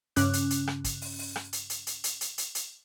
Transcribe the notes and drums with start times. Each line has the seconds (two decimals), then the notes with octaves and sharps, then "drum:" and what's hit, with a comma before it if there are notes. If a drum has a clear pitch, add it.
0.16 G2 C#3 C#4 D6 F#6, drum: hi-hat
0.33 drum: hi-hat
0.50 drum: hi-hat
0.67 drum: rim click
0.84 drum: kick, hi-hat
1.01 drum: open hi-hat
1.19 drum: open hi-hat
1.36 drum: rim click
1.53 drum: hi-hat
1.70 drum: hi-hat
1.87 drum: hi-hat
2.04 drum: hi-hat
2.21 drum: hi-hat
2.38 drum: hi-hat
2.55 drum: hi-hat